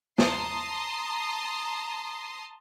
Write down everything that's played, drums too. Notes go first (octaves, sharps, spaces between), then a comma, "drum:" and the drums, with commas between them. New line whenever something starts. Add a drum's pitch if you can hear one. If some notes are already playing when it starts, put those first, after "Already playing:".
A5 A#5 C6 D#6 C7, drum: snare